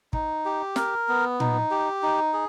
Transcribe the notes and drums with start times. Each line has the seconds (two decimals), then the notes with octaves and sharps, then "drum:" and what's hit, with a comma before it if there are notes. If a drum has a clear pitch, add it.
0.13 D#4, drum: kick
0.45 G4
0.76 A#4, drum: snare
1.09 B3
1.40 D#4, drum: tom A#2
1.71 G4
2.03 D#4
2.33 G#4